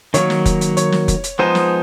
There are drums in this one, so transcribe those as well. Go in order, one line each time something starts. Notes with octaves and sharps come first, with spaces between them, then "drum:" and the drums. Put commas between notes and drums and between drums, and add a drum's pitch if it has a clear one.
D#3 F#3 A#3 C#5, drum: hi-hat
drum: snare
drum: kick F1, hi-hat
drum: hi-hat
C#5, drum: hi-hat
drum: snare
drum: kick F1, hi-hat
drum: hi-hat
F3 G#3 B3 D#4 G#4 C5
drum: snare